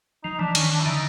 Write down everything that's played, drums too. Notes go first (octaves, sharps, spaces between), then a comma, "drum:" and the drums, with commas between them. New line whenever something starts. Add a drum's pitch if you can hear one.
F3 D#4
E3 D4
D#3 C#4, drum: cymbal
D4
E4
D3 D#4